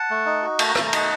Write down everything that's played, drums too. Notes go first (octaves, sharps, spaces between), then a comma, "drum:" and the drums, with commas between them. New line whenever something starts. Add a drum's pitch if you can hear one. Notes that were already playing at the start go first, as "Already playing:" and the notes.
Already playing: F#5 A5
A3
D#4
F#4
A3 A5, drum: cymbal
A#5
A3 A5, drum: rim click
A#5
D#4 F#5 A5, drum: cymbal